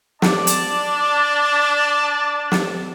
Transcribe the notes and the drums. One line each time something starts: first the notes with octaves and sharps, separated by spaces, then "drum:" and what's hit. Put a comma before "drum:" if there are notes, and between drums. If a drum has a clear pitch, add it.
D4 D5 A5, drum: snare
drum: hi-hat
drum: snare